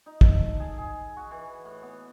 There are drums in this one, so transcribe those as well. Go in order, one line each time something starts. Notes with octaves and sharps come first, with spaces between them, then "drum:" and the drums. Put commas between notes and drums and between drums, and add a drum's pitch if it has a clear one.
D#4
A4, drum: kick
G#4
G#4
F#4
E3
A2
B3